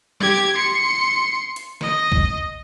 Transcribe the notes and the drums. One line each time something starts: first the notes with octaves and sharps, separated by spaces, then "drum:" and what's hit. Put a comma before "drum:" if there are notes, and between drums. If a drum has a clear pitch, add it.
G4 G#6, drum: tom F#3
C6 C#7
drum: hi-hat
D#5, drum: snare
drum: kick B1